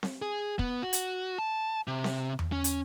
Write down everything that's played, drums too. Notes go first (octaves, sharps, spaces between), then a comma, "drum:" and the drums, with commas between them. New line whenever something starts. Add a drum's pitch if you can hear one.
drum: snare C4
G#4
B3, drum: kick
F#4
drum: hi-hat
A5
C3
drum: snare C4
drum: tom E2
C#4
drum: hi-hat